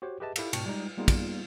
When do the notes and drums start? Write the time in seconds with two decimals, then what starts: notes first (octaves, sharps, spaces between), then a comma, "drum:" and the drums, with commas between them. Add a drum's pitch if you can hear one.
0.02 F#4 G4 C5 C#5
0.20 G4 G#4 B4 D#5 E5 A5
0.36 E4 G4 A4 F5, drum: cymbal
0.53 G#2 B2 G5 A5 C#6, drum: cymbal
0.66 G3 G#3 D#4
0.98 G3 A#3 B3 D#4 F4 G#4
1.08 drum: kick, cymbal